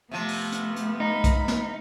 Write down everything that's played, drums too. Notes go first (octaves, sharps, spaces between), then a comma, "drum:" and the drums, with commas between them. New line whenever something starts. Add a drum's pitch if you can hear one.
C3 F3 A3 B3
drum: open hi-hat
drum: hi-hat
drum: hi-hat
D#4 B5
drum: kick B1, hi-hat
drum: snare